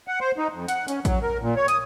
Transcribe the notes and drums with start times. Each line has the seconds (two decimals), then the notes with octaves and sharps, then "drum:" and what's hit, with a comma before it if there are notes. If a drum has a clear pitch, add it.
0.08 F#5
0.20 C5
0.38 D#4
0.53 F2
0.68 F#5, drum: hi-hat
0.88 C#4, drum: hi-hat
1.05 F#3, drum: kick A1, hi-hat
1.23 A#4
1.42 A#2
1.56 C#5
1.68 D#6, drum: hi-hat